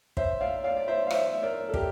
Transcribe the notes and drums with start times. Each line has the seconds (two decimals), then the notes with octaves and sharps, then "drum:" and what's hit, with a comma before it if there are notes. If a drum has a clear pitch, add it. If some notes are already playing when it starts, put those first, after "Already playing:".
0.17 C5 E5, drum: kick
0.41 D5 F5
0.64 D5 F5
0.77 D5
0.88 C5 E5
1.07 F5
1.11 C5 E5, drum: rim click
1.42 A#4 D5
1.69 A4
1.74 G4 A#4, drum: kick